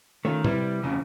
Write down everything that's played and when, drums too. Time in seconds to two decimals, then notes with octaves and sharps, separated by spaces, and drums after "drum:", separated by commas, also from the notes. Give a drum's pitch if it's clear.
0.25 D#3 A3 C#4 F4
0.45 C3 G3 E4 B4, drum: tom
0.83 F2 C#3